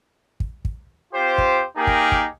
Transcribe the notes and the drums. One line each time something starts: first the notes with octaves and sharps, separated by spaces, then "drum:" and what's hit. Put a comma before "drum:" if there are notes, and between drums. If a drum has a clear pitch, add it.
drum: kick
drum: kick
C4 F4 G4 C5
drum: kick
A#3 D#4 G4 G#4 A#4
drum: kick
drum: kick